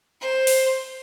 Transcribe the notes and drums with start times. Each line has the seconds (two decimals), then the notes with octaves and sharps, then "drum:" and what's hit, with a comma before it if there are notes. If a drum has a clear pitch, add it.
0.21 C5
0.47 drum: open hi-hat